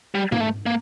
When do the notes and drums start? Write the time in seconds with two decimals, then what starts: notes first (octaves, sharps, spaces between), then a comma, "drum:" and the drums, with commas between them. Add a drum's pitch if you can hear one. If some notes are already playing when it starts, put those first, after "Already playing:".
0.15 G3
0.32 A#3, drum: tom G#2
0.41 A3
0.66 A#3